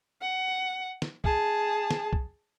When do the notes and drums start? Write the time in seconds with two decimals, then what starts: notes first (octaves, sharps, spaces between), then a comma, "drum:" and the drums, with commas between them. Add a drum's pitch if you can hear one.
0.22 F#5
1.02 drum: snare
1.24 G#4 A5, drum: kick
1.91 drum: snare
2.13 drum: kick